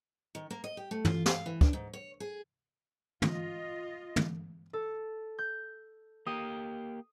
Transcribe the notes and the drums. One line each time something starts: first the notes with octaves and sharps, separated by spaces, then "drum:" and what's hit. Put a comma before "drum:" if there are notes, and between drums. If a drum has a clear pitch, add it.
D#3
A#3
D#5
G4
A3
F4, drum: tom
F5, drum: snare
E3
D4, drum: kick
G#2
C#5
G#4
F4 D#5, drum: tom
drum: tom
A4
G6
A#3 G4 D#6